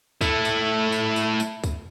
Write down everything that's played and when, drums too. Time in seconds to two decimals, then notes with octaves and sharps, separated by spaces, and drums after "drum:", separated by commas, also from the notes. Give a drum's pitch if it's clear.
0.21 A3 E4, drum: kick, tambourine
0.45 drum: tambourine
0.92 drum: tambourine
1.16 drum: tambourine
1.40 drum: tambourine
1.64 drum: kick, tambourine